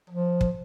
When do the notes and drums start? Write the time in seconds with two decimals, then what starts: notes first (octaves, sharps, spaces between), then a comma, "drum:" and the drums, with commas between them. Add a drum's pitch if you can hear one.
0.10 F3
0.41 drum: kick